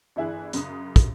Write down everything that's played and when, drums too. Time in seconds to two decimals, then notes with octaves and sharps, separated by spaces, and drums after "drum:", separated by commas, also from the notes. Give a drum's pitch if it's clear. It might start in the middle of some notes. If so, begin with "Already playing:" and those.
0.16 G1 E3 E4 G#4 F#6
0.53 F#2 C#3 D#6, drum: hi-hat
0.96 drum: kick, hi-hat